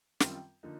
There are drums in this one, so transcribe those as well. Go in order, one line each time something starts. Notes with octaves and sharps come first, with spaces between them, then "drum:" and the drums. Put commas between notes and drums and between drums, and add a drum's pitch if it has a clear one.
F#2 D#3 G3 C4 F4, drum: snare
D3 F3 A#3 D#4